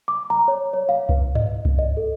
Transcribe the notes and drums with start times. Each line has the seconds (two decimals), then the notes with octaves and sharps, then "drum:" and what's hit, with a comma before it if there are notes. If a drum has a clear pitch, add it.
0.08 D6
0.30 A#5
0.48 C#5
0.73 C#5
0.89 F5
1.09 B4, drum: kick C2
1.35 D#5, drum: tom G#2
1.65 drum: kick C2
1.79 D#5
1.97 A4